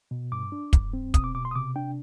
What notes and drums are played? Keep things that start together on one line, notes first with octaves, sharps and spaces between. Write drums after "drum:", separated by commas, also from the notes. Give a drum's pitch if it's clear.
B2
G2 D6
D4
G2, drum: kick, hi-hat
C4
B2 D#6, drum: kick, hi-hat
D6
B2 D6
C6
D#6
C3 D6
D4 G5